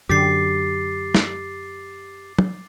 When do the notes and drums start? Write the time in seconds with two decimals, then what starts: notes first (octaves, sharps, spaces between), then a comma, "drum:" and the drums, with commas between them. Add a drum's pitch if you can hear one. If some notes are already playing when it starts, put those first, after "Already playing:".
0.09 F#2 D3 G4 D6 A6 C7
1.15 drum: snare
2.39 drum: tom